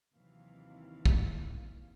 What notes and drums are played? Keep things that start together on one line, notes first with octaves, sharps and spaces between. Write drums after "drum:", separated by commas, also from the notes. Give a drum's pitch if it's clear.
D#2 C3 D#3 E3 F#3 F5
drum: kick